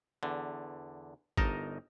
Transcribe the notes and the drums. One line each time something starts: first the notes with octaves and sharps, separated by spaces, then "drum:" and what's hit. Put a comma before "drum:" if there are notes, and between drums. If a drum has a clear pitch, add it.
E2 D3
G1 D#4 A#4 D#5 A5, drum: kick G#1